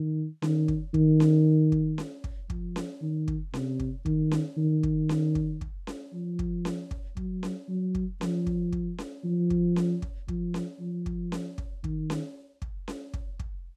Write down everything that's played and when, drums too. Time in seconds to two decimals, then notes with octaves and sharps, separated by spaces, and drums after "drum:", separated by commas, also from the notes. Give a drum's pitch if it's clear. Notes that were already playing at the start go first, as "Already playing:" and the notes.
Already playing: D#3
0.42 D#3, drum: snare C#4
0.68 drum: kick
0.94 D#3, drum: kick
1.20 drum: snare C#4
1.72 drum: kick
1.98 drum: snare C#4
2.24 drum: kick
2.50 F3, drum: kick
2.76 drum: snare C#4
3.02 D#3
3.28 drum: kick
3.54 C3, drum: snare C#4
3.80 drum: kick
4.06 D#3, drum: kick
4.31 drum: snare C#4
4.57 D#3
4.83 drum: kick
5.09 drum: snare C#4
5.35 drum: kick
5.61 drum: kick
5.87 drum: snare C#4
6.13 F3
6.39 drum: kick
6.65 drum: snare C#4
6.91 drum: kick
7.17 F#3, drum: kick
7.43 drum: snare C#4
7.69 F#3
7.95 drum: kick
8.21 F3, drum: snare C#4
8.47 drum: kick
8.73 drum: kick
8.98 drum: snare C#4
9.24 F3
9.50 drum: kick
9.76 drum: snare C#4
10.02 drum: kick
10.28 F3, drum: kick
10.54 drum: snare C#4
10.80 F3
11.06 drum: kick
11.32 drum: snare C#4
11.58 drum: kick
11.84 D#3, drum: kick
12.10 drum: snare C#4
12.62 drum: kick
12.88 drum: snare C#4
13.14 drum: kick
13.39 drum: kick